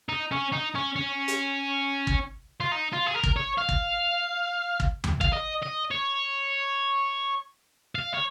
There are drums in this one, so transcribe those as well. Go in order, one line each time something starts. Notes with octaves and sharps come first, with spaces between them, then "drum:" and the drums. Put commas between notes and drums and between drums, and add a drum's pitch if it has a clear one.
D#4
C#4
D#4
C#4
C#4
drum: hi-hat
drum: kick
F4
D#4
F4
G#4
A#4
drum: kick
C#5
F5
drum: kick
drum: kick
drum: tom E2
F5, drum: kick
D#5
D#5
C#5
F5
C#5